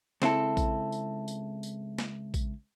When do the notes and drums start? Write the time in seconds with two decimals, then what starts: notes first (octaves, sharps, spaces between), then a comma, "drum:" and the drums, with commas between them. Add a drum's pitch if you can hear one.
0.22 C#2 C4 E4 A4, drum: snare
0.57 drum: kick A#1, tambourine
0.92 drum: tambourine
1.28 drum: tambourine
1.63 drum: tambourine
1.98 drum: snare
2.34 drum: kick A#1, tambourine